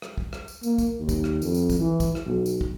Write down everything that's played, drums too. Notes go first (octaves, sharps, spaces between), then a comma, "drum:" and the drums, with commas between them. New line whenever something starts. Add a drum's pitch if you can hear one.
drum: rim click
drum: kick
drum: rim click
drum: tambourine
A#3, drum: tambourine
drum: kick, tambourine
D#2
drum: kick, tambourine
drum: rim click
F2, drum: tambourine
drum: tambourine
drum: kick, tambourine
E3
drum: kick, tambourine
drum: rim click
B1
drum: tambourine
drum: kick